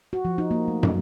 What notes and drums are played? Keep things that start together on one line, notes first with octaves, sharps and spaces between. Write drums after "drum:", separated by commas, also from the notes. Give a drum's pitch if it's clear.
F#4
F3
D#4
A#3
A3
F#3, drum: tom